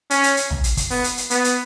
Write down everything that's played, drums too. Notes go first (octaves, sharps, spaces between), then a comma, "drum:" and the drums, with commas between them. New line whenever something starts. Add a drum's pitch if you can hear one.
C#4, drum: hi-hat
drum: hi-hat
drum: hi-hat
drum: tom
drum: hi-hat
drum: kick, hi-hat
B3, drum: open hi-hat
drum: hi-hat
drum: hi-hat
B3, drum: hi-hat
drum: hi-hat